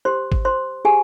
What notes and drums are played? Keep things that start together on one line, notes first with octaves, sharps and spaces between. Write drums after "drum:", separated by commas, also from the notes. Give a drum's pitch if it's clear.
G4 C5 C6
drum: kick
C5 C6
G4 G#4 G#5